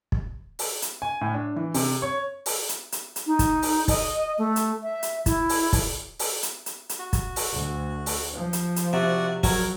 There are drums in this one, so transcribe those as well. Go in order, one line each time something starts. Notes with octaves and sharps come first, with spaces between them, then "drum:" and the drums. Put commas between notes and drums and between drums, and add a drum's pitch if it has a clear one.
drum: kick
drum: open hi-hat
drum: hi-hat
G#5
A2
D4
E3
C3, drum: open hi-hat
C#5
drum: open hi-hat
drum: hi-hat
drum: hi-hat
drum: hi-hat
D#4
drum: kick, hi-hat
drum: open hi-hat
D#5, drum: kick, open hi-hat
A3
drum: hi-hat
E5
drum: hi-hat
E4, drum: kick, hi-hat
drum: open hi-hat
drum: kick, open hi-hat
drum: open hi-hat
drum: hi-hat
drum: hi-hat
drum: hi-hat
F#4
drum: kick, hi-hat
drum: open hi-hat
D2
drum: open hi-hat
F3
drum: hi-hat
drum: hi-hat
C3 F#4 D5 F#5
F#3 A#4 C#5, drum: kick, open hi-hat